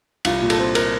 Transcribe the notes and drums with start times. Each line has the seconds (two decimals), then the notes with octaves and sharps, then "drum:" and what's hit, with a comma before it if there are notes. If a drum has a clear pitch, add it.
0.25 C2 F4, drum: cymbal
0.42 A#2
0.50 A4, drum: cymbal
0.58 C4
0.75 A#4, drum: cymbal